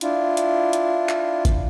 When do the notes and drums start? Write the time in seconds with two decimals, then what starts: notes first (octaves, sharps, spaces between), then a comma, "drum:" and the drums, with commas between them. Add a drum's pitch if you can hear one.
0.01 D4 E4 F4, drum: hi-hat
0.37 drum: hi-hat
0.73 drum: hi-hat
1.09 drum: clap
1.45 drum: kick G#1, hi-hat